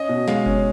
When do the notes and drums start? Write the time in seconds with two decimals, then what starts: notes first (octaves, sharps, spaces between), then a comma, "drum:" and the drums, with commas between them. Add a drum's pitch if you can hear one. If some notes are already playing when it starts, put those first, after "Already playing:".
Already playing: C#4 D#5
0.09 B2
0.28 G#3 F5, drum: snare
0.46 C#4, drum: kick F#1